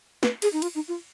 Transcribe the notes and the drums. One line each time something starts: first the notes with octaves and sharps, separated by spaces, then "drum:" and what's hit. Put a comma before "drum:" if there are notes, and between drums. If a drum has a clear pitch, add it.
B4, drum: snare
G#4, drum: cymbal
D#4
F4, drum: cymbal
D#4
F4